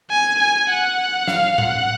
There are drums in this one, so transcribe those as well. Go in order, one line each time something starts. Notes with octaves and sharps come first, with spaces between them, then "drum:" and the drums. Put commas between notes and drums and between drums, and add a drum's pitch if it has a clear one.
G#5
G#5
F#5
F5, drum: snare
F#5, drum: tom A2